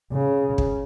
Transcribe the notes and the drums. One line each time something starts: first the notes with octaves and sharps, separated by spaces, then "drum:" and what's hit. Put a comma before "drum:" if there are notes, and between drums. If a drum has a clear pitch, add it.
C#3
drum: kick